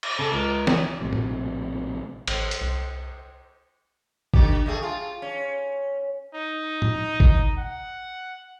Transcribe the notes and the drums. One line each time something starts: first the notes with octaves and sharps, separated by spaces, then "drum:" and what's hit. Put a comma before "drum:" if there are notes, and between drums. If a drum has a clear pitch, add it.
drum: cymbal
C#3 A4
C#2 A#4
G#4, drum: snare
A#1 A2 C3
drum: tom
A1, drum: cymbal
drum: hi-hat
C2
D3 G4, drum: kick G#1
G2 A3 G#4
F4
C#4
D#4
drum: tom
drum: kick G#1
F#5